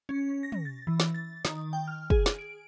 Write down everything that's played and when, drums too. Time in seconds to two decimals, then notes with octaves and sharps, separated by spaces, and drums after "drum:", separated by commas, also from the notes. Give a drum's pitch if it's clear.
0.09 C#4
0.43 A#6
0.52 drum: tom
0.65 A6
0.87 E3
1.00 drum: snare
1.14 A6
1.45 D#3, drum: snare
1.73 G5
1.88 F6
2.10 G#4, drum: kick
2.26 drum: snare
2.38 D7